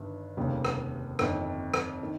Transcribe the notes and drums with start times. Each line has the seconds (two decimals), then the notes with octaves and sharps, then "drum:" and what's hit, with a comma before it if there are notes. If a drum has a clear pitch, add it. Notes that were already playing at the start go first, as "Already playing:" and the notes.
Already playing: G1 G2 D#3
0.37 F1 D#2 C#3 G3 A#3
0.65 drum: rim click
1.19 G1 F2 D#3, drum: rim click
1.74 drum: rim click
2.03 D#3